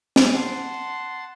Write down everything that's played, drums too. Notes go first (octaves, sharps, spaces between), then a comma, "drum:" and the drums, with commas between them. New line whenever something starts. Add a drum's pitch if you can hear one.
drum: snare
F#5 A5 C6